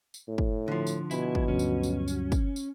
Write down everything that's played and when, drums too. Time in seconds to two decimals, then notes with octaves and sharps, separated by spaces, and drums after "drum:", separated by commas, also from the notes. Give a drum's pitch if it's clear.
0.14 drum: tambourine
0.28 A2
0.38 drum: kick
0.68 D3 F3
0.87 drum: tambourine
1.11 B2 E4 G#5, drum: tambourine
1.35 drum: kick
1.48 D2 G2 F#3 C#4
1.59 drum: tambourine
1.83 drum: tambourine
2.08 drum: tambourine
2.32 drum: kick, tambourine
2.56 drum: tambourine